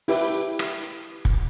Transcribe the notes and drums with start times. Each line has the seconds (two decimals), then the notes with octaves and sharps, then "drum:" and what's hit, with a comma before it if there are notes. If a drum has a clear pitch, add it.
0.08 E4 G4 B4 E5 B5, drum: open hi-hat
0.59 drum: rim click
1.25 drum: kick